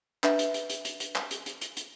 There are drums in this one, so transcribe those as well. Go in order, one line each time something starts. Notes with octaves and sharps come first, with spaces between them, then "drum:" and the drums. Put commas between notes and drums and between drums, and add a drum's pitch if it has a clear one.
D4 B4 E5, drum: clap
drum: hi-hat
drum: hi-hat
drum: hi-hat
drum: hi-hat
drum: hi-hat
drum: clap
drum: hi-hat
drum: hi-hat
drum: hi-hat
drum: hi-hat